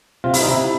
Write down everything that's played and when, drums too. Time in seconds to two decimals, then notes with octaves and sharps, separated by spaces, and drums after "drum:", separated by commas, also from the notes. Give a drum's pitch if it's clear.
0.24 C3 F4
0.34 E4, drum: open hi-hat
0.41 D#4
0.48 C3 E4